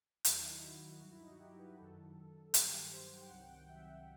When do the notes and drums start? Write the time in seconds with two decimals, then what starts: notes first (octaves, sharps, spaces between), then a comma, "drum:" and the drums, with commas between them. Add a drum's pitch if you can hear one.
0.25 D#2 D#3 F#3, drum: hi-hat
0.38 D#4
0.51 E4
0.63 F#4
0.82 F#4
1.01 G2 F#3 F#4
1.11 E4
1.21 D#4
1.30 F#4
1.39 G4
1.59 B4
1.78 F#2 D#3 F#3 A4
2.54 G2 D#3 F#3 G4, drum: hi-hat
2.92 C5
3.11 F#5
3.21 G5
3.30 C2 C3 D#3 F#3 F#5
3.42 G5
3.56 G5
3.69 E5